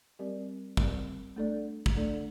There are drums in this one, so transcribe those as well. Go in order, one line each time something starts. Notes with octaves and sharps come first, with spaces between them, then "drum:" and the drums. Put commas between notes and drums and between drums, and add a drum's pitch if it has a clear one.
G3 C4 G4 A#4 D5
G3 C4 G4 A#4 D5, drum: kick
A3 D4 A4 D5
drum: kick
A3 D4 A4 D5